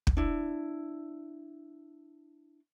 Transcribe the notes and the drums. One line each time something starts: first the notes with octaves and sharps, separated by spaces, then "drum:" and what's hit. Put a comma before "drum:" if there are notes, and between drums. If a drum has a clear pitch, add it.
drum: kick
D4 E4